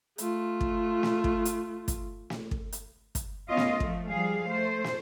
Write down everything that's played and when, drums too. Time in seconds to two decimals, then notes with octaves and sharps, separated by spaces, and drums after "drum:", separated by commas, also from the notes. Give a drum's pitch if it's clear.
0.18 A3 F4, drum: hi-hat
0.61 drum: kick
1.03 drum: snare
1.24 drum: kick
1.45 drum: hi-hat
1.88 drum: kick, hi-hat
2.30 drum: snare
2.51 drum: kick
2.72 drum: hi-hat
3.15 drum: kick, hi-hat
3.47 B3 C#4 F4 D#5
3.57 drum: snare
3.80 F3 A3, drum: kick
4.09 F3 G3 G#4 F5
4.48 A3 C5
4.84 drum: snare